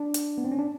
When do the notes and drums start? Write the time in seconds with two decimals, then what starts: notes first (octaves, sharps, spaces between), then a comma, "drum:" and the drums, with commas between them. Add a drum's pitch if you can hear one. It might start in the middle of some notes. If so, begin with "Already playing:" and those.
Already playing: D4
0.14 drum: hi-hat
0.38 B3
0.44 C4
0.52 C#4
0.59 D4